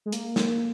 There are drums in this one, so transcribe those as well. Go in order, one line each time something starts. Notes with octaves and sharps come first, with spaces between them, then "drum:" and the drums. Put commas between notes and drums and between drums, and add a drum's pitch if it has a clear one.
G#3
A#3, drum: hi-hat
drum: snare